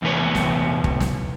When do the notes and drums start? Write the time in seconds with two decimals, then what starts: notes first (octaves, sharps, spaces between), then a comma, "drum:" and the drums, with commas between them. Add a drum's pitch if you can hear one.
0.02 E2 C3 E3 A3 B4 C#5
0.35 drum: snare
0.84 drum: kick
1.01 drum: snare